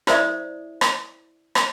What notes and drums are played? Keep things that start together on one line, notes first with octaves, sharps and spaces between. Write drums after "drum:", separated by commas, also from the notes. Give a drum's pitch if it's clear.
E4 C5 D5 E5 D#6, drum: rim click
drum: rim click
drum: rim click